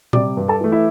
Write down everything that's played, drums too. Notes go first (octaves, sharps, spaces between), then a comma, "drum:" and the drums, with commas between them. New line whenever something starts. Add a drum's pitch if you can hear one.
C3 G3 D5 D6, drum: tom A#2
G2
A4 A5
E3 A3
E4 E5